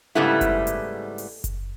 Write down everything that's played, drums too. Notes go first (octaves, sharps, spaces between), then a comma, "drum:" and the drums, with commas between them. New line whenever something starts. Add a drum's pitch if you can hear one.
G#2 C#3 G3 A3 B3 E4
drum: kick F#1, hi-hat
drum: hi-hat
drum: open hi-hat
drum: kick F#1, hi-hat